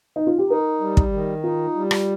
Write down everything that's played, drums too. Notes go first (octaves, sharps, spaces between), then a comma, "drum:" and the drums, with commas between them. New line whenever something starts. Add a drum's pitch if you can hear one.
D#4
F4
G4
D#4 A#4
G3
drum: kick
D#3
D#4 F4
G3
drum: rim click